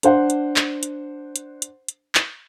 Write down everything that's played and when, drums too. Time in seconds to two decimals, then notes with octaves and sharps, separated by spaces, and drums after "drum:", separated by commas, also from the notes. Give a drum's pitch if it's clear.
0.03 D4 C5 F#5, drum: hi-hat
0.30 drum: hi-hat
0.56 drum: clap
0.83 drum: hi-hat
1.36 drum: hi-hat
1.62 drum: hi-hat
1.88 drum: hi-hat
2.15 drum: clap